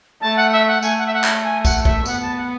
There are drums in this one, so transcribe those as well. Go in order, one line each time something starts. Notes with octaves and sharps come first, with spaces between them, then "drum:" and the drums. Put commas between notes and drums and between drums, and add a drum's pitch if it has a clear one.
A3 A5
F#5
E5
F#5
A3 G#5, drum: tambourine
F#5
E5
F#5
drum: clap
G#5
F#5, drum: kick, tambourine
E5, drum: kick
B3 F#5, drum: tambourine
A5
F#5